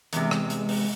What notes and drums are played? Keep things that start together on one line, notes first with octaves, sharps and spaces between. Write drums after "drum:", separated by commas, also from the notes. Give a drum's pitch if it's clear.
E2 C3 G#3, drum: hi-hat
drum: rim click
drum: hi-hat
drum: open hi-hat